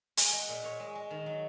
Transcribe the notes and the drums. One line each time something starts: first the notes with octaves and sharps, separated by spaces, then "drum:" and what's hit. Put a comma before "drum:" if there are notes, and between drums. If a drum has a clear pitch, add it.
G#3 G#5, drum: hi-hat
G#3
F#5
A#2
A#2 C#5
G#3
G#3
D#3
F#3